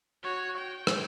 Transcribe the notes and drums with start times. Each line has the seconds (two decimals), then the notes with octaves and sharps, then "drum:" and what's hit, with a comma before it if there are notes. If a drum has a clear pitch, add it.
0.23 F#4 C#5
0.57 G5
0.87 drum: rim click